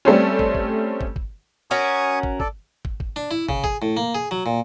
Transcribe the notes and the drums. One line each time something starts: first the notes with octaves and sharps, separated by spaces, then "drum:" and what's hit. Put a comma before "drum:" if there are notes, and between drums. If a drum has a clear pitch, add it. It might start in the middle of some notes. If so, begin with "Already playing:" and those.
G3 A3 C4 C#4
drum: kick
drum: kick
drum: kick
drum: kick
C#4 F#4 A#4 G#5 C#6 D#6
drum: kick
A4 D5, drum: kick
drum: kick
drum: kick
D4
E4
C#3, drum: kick
G#4, drum: kick
A2
A#3
G#4
F#3
A#2